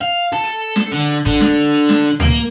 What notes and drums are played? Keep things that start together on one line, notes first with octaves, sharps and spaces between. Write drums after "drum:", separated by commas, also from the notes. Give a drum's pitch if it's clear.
F5
A4
drum: hi-hat
drum: snare
D3
drum: hi-hat
D3, drum: kick
drum: snare
drum: hi-hat
drum: snare
drum: hi-hat
A#3, drum: tom C#2